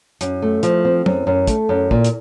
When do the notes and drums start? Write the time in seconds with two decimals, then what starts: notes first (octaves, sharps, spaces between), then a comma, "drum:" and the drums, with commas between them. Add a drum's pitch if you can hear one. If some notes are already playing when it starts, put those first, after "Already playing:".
0.21 F#2, drum: hi-hat
0.42 A3
0.63 F3, drum: hi-hat
0.85 C4
1.06 F#2, drum: tom
1.27 F#2
1.47 A3, drum: kick, hi-hat
1.69 F#2
1.91 A#2, drum: kick
2.04 drum: hi-hat